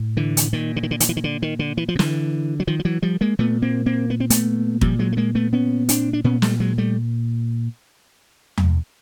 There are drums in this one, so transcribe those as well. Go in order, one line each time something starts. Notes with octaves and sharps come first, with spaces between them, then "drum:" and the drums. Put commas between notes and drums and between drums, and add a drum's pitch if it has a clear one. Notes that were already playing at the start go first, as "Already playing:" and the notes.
Already playing: A2
D3 E3
drum: hi-hat
A#2 D#3
D3
D#3
D3
D#3, drum: hi-hat
E3
D#3
D3
D#3
D3
E3
F3
B2
D3 E3, drum: snare
F#3
D#3 F3
F3
E3 F#3
F3 G3
G#3 A#3
A#2 A3 B3
A#3 C4
A#3 C4
B3
C4
A3 B3, drum: hi-hat
A#2 F3 G3, drum: kick
F#3 G#3
A3
G#3 A#3
A3 B3
B3 C#4
C4 D4, drum: hi-hat
D4
A#2 B3 C#4
G3 A3, drum: snare
F#3 G#3
G3 A3
drum: tom E2